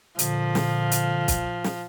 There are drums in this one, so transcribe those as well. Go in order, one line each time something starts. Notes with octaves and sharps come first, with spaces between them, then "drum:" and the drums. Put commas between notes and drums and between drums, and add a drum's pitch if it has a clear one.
A#2 D3 F3, drum: hi-hat
drum: snare
drum: hi-hat
drum: kick B1, hi-hat
drum: snare